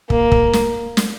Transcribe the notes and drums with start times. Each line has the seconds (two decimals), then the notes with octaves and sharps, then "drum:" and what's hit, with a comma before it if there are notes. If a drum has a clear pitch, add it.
0.10 A#3, drum: kick
0.32 drum: kick
0.53 drum: snare
0.97 drum: snare